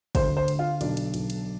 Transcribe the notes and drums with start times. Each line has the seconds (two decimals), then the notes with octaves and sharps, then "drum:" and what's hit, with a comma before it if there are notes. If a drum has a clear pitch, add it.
0.15 D2 C5, drum: kick, cymbal
0.37 C5
0.48 D2, drum: cymbal
0.59 F4
0.81 B1 D4, drum: cymbal
0.97 drum: cymbal
1.14 B1, drum: cymbal
1.30 drum: cymbal